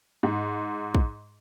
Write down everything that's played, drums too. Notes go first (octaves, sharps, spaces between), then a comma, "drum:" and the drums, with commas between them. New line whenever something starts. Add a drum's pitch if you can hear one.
G#2
drum: kick